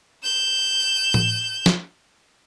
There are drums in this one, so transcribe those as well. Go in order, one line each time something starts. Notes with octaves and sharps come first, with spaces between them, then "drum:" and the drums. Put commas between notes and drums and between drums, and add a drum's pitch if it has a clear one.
G6 E7
drum: tom A2
drum: snare